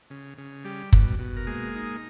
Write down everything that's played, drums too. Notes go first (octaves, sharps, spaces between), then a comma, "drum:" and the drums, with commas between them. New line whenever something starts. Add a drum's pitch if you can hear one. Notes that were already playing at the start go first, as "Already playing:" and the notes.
C#3
C#3
G3 G4
B2, drum: kick
B2
A#4
G#3 A#3 G#4
D#4